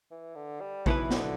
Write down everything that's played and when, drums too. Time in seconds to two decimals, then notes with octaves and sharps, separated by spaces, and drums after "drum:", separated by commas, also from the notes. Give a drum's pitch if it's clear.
0.11 E3
0.35 D3
0.60 G3
0.86 B1 B2 E3 B3 E4 B4, drum: kick
1.11 D3, drum: snare